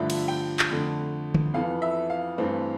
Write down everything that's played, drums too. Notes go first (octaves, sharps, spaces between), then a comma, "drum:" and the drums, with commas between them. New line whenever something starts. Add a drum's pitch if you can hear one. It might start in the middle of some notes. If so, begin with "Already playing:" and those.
Already playing: G2 D3 F3 A3 E5
drum: cymbal
G5
drum: clap
F2 D3 A3
drum: tom
F2 E3 B3 F5
E5
F5
G2 E3 A3 C4